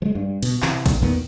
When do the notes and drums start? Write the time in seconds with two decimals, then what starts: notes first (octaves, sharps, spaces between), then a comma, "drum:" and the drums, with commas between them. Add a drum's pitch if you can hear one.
0.02 F3 G#3
0.15 G2
0.43 B2, drum: cymbal
0.62 C3 E3, drum: clap
0.86 B1, drum: kick A1, cymbal
1.02 E2 A#2 D#3 B3